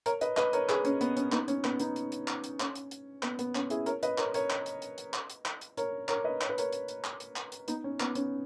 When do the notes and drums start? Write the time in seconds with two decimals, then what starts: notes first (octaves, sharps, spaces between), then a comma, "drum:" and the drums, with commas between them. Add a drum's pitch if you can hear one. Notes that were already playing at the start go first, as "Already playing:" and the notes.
0.06 A#4 C#5, drum: hi-hat
0.21 B4 D#5, drum: hi-hat
0.37 B4 D#5, drum: clap
0.53 A#4 C#5, drum: hi-hat
0.69 G#4 B4, drum: clap
0.85 C#4, drum: hi-hat
1.01 B3, drum: hi-hat
1.17 C#4, drum: hi-hat
1.32 B3 D#4, drum: clap
1.48 C#4, drum: hi-hat
1.64 B3, drum: clap
1.80 B3 D#4, drum: hi-hat
1.96 drum: hi-hat
2.12 drum: hi-hat
2.28 drum: clap
2.44 drum: hi-hat
2.60 C#4, drum: clap
2.75 drum: hi-hat
2.91 drum: hi-hat
3.23 B3, drum: clap
3.39 B3, drum: hi-hat
3.55 C#4, drum: clap
3.70 E4 G#4, drum: hi-hat
3.86 A#4 C#5, drum: hi-hat
4.03 B4 D#5, drum: hi-hat
4.18 A#4 C#5, drum: clap
4.34 A#4 C#5, drum: hi-hat
4.50 drum: clap
4.66 drum: hi-hat
4.82 drum: hi-hat
4.98 drum: hi-hat
5.14 drum: clap
5.30 drum: hi-hat
5.45 drum: clap
5.61 drum: hi-hat
5.77 A#4 C#5, drum: hi-hat
6.09 A#4 C#5, drum: clap
6.24 B4 D#5
6.41 C#5, drum: clap
6.49 B4
6.58 A#4 C#5, drum: hi-hat
6.73 drum: hi-hat
6.88 drum: hi-hat
7.04 drum: clap
7.20 drum: hi-hat
7.36 drum: clap
7.52 drum: hi-hat
7.68 B3 D#4, drum: hi-hat
7.84 C#4
8.00 B3, drum: clap
8.15 C#4, drum: hi-hat